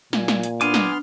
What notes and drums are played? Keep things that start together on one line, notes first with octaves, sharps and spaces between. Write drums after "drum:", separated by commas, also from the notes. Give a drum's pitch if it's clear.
A#2 G#5, drum: snare
drum: snare
drum: hi-hat
B3 D4 G#5 C6 D6 F6, drum: hi-hat
drum: snare